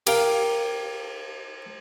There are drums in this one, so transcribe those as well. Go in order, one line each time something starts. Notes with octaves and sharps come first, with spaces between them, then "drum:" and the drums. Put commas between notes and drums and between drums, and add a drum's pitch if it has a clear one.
G4 A#4 F5 G5, drum: cymbal